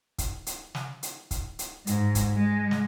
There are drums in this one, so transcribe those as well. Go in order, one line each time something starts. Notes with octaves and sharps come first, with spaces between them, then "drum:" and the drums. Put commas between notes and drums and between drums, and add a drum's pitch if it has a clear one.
drum: kick, hi-hat
drum: hi-hat
drum: snare
drum: hi-hat
drum: kick, hi-hat
drum: hi-hat
G#2, drum: hi-hat
drum: kick, hi-hat
G#3
drum: snare